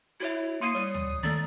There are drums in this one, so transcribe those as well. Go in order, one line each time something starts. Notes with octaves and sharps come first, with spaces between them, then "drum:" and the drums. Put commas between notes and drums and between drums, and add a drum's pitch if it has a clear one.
E4 F#4 C#5 E5
A#3 C6 D#6 C7 C#7 D#7
G3 C#5 D#6
drum: tom
D#3 A3 D5 A6